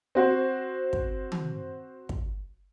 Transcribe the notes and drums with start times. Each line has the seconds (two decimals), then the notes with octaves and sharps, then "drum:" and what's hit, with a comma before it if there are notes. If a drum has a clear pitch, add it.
0.15 C4 F#4 C5
0.93 drum: kick
1.32 drum: tom D#3
2.09 drum: kick